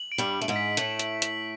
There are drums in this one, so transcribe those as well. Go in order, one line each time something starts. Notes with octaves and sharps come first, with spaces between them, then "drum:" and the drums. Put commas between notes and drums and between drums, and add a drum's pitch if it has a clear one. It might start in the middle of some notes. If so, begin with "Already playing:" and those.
Already playing: F#7
D7
G2 G3
F#7
A3
G#2 G#3
B6
A2 A3 F#7, drum: hi-hat
F#7, drum: hi-hat
B6, drum: hi-hat